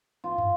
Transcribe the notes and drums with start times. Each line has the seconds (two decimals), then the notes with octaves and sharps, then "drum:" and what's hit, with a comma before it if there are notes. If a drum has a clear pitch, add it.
0.24 F4
0.38 drum: tom